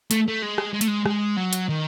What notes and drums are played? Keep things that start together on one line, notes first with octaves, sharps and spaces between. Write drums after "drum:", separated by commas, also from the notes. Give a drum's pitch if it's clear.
A3, drum: hi-hat
A3
G#3
drum: rim click
G#3
A3, drum: hi-hat
G#3
G#3, drum: rim click
F#3
drum: hi-hat
D#3